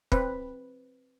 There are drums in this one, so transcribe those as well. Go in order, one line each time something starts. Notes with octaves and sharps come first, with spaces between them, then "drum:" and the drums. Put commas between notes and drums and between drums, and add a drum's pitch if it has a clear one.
C4 B4, drum: kick